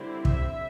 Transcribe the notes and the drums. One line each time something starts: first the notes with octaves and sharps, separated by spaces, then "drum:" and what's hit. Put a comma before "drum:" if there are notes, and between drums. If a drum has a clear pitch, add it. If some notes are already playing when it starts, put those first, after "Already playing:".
Already playing: D3 G3 C4 E4
E5, drum: kick